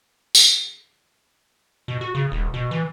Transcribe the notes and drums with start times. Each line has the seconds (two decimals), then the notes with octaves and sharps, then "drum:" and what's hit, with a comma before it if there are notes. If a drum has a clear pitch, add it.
0.35 drum: tambourine
1.88 B2
2.01 F#4
2.15 C#3
2.32 D#1
2.54 B2
2.71 E3